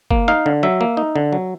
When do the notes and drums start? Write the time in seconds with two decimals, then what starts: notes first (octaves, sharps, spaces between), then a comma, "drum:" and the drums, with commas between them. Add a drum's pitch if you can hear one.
0.11 A#3, drum: kick F#1
0.28 D#4 F5
0.46 D3
0.63 F#3 E5
0.81 A#3
0.97 D#4
1.16 D3
1.33 F#3